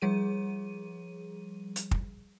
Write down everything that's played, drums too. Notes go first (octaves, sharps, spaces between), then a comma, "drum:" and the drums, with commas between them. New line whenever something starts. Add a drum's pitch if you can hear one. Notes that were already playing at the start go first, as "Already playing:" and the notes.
F3 G3 G#4 D#7
drum: hi-hat
drum: kick